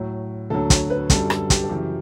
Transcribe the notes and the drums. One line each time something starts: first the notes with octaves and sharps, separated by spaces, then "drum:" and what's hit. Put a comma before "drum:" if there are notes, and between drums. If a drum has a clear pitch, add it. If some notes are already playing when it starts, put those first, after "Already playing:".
Already playing: A2 F#3
D2 D3 F#3 A4
C#5, drum: kick, hi-hat
B4
F#2 D3 G3 A4, drum: kick, hi-hat
A4, drum: rim click
G4, drum: kick, hi-hat
A4
F#2 C#3 E3 G4